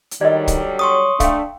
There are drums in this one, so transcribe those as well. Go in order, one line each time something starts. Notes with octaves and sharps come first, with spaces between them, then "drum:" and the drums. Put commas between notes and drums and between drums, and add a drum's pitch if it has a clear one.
drum: hi-hat
D3 D#3 F#3 G3 D5 D#5
drum: kick, hi-hat
C#5 C6 C#6 D#6
A3 D4 F5 G5, drum: kick, hi-hat